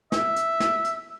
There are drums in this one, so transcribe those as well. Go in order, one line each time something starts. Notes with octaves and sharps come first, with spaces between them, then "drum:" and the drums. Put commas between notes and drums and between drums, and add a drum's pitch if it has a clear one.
E5, drum: snare
drum: hi-hat
drum: snare
drum: hi-hat